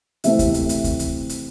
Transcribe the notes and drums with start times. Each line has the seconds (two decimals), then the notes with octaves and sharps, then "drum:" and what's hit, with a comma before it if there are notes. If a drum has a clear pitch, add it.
0.24 C3 E3 A3 C4 E5, drum: hi-hat
0.39 drum: kick D2, hi-hat
0.54 drum: hi-hat
0.69 drum: hi-hat
0.84 drum: kick D2, hi-hat
0.99 drum: hi-hat
1.29 drum: hi-hat